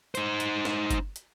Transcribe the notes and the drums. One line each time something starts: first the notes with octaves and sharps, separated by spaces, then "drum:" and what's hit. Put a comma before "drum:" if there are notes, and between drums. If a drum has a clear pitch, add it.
D#4 C5, drum: hi-hat
drum: hi-hat
drum: snare
drum: kick G1, hi-hat
drum: hi-hat